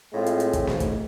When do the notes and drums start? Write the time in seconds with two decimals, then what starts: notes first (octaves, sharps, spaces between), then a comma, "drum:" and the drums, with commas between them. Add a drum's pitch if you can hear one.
0.12 A2 G#3 C4 F4 G#4
0.26 drum: hi-hat
0.40 drum: hi-hat
0.53 drum: kick, hi-hat
0.67 G#2, drum: snare
0.80 drum: kick, hi-hat